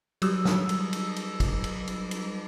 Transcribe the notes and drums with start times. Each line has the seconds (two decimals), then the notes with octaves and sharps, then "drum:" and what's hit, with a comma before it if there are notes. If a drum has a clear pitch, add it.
0.22 F#3 G3 D#6 E6, drum: cymbal
0.45 drum: snare
0.69 drum: cymbal
0.93 drum: cymbal
1.16 drum: cymbal
1.40 drum: kick, cymbal
1.64 drum: cymbal
1.87 drum: cymbal
2.11 drum: cymbal